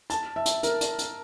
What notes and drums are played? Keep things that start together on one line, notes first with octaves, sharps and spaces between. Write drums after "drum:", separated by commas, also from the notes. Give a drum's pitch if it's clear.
A5, drum: hi-hat
E5
drum: hi-hat
A#4, drum: hi-hat
drum: hi-hat
drum: hi-hat